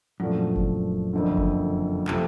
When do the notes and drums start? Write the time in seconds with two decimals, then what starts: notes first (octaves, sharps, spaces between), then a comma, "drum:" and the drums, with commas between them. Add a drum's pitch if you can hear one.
0.20 F#2 A#2 F3 A3 D4 F4
0.56 drum: kick F#1
1.13 F#1 F2 D3
1.38 drum: kick F#1
2.08 C3 F3 A3, drum: clap